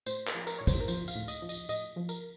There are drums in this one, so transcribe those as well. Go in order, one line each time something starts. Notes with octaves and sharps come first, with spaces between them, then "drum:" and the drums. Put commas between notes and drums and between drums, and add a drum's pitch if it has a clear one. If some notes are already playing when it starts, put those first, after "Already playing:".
A2 C5, drum: tambourine
A#4, drum: clap
F3
A#4, drum: tambourine
A2 C#5
C5, drum: kick, tambourine
A#4
F3 C5, drum: tambourine
F5, drum: tambourine
A2
D#5, drum: tambourine
F3
D#5, drum: tambourine
A2 D#5, drum: tambourine
F3
A#4, drum: tambourine